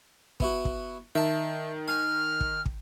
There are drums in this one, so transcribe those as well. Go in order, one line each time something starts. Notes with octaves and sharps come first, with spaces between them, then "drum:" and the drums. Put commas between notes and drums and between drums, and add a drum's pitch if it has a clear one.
B3 E4 F#4, drum: kick
drum: kick
D#3 E5 A5
G#5 F6
drum: kick
drum: kick